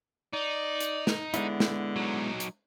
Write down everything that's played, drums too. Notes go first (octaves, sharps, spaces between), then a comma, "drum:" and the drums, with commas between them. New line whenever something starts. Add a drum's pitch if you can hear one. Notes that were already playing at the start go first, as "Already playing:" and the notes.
D#4 D5
drum: hi-hat
drum: snare
D3 G#3 B3 E4, drum: hi-hat
drum: snare
F#3 D#4
drum: hi-hat